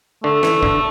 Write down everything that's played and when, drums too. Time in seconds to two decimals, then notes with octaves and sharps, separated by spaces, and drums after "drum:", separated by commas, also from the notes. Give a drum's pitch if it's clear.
0.24 D3 A3
0.43 E3, drum: snare
0.63 D3, drum: kick